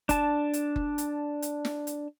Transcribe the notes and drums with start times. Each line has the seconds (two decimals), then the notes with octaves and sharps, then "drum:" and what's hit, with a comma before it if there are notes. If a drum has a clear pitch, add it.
0.09 D4 A5, drum: kick F#1, hi-hat
0.53 drum: hi-hat
0.76 drum: kick F#1
0.98 drum: hi-hat
1.42 drum: hi-hat
1.65 drum: snare
1.87 drum: hi-hat